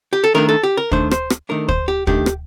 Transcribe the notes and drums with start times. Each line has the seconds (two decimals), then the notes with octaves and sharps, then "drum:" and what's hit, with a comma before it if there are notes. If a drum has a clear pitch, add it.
0.13 G4
0.24 A4
0.34 D#3 A3 D4 A#4
0.49 A4
0.63 G4
0.77 A#4
0.92 D#3 A3 D4 C5, drum: kick
1.11 C5, drum: rim click
1.30 drum: rim click
1.49 D#3 A3 D4 A#4
1.69 C5, drum: kick
1.88 G4
2.07 D#3 A3 D4 G4, drum: kick
2.26 drum: rim click